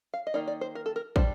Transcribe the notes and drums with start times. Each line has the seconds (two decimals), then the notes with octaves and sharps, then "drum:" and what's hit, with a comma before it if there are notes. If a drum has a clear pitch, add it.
0.14 F5
0.27 D#5
0.34 D#3 A#3 D#4 D5
0.48 D5
0.61 C5
0.75 A#4
0.86 A4
0.96 A#4
1.16 G3 D4 C5, drum: kick